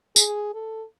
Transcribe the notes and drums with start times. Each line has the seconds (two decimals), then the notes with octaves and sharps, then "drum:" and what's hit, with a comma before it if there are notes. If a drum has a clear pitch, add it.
0.16 G#4, drum: tambourine
0.54 A4